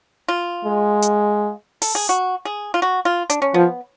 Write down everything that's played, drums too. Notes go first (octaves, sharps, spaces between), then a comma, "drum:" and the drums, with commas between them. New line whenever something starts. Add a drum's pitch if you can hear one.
F4
G#3
drum: hi-hat
A4, drum: open hi-hat
G#4
F#4
G#4
F4
F#4
F4
D4, drum: hi-hat
C#4
F3 B3